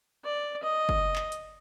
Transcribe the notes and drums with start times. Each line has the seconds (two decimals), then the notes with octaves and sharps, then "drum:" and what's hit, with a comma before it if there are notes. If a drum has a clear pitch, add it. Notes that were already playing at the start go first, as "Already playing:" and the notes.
0.24 D5
0.63 D#5
0.89 drum: kick
1.16 drum: clap
1.32 drum: hi-hat